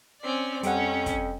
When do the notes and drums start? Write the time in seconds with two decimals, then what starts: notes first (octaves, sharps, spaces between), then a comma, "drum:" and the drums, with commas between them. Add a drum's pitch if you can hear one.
0.22 C4 C#4 D5
0.63 F2 G3 C#4 F#5, drum: hi-hat
1.06 drum: kick, hi-hat